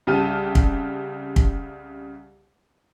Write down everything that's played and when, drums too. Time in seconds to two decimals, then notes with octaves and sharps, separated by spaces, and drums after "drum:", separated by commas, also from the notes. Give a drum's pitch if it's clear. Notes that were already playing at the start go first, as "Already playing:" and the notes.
0.07 C2 C#3 G4 A5 F6 D#7
0.55 drum: kick
1.36 drum: kick